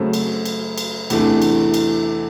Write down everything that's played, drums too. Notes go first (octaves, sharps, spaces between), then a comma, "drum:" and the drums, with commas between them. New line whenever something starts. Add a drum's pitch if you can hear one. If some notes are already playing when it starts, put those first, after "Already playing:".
Already playing: F#2 C#3 F#3 A3 C4
drum: cymbal
drum: cymbal
drum: cymbal
E2 C3 E3 A3 D4, drum: cymbal
drum: cymbal
drum: cymbal